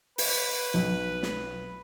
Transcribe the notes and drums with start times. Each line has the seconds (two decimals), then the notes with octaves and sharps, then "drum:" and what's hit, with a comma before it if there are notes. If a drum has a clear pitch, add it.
0.18 B4, drum: open hi-hat
0.74 B1
1.23 drum: snare